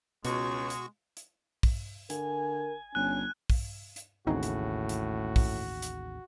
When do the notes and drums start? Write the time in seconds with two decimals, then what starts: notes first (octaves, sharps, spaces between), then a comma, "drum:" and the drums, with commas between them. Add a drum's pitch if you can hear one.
0.25 C#2 B2 G#3 F#4 C#6, drum: hi-hat
0.70 drum: hi-hat
1.17 drum: hi-hat
1.63 drum: kick, open hi-hat
2.10 D3 A#4 G#5, drum: hi-hat
2.95 G1 C#4 F#6
3.50 drum: kick, open hi-hat
3.96 drum: hi-hat
4.27 A1 D#2 A2 C#3 C4 D#4 F#4
4.43 drum: hi-hat
4.89 drum: hi-hat
5.36 drum: kick, open hi-hat
5.82 drum: hi-hat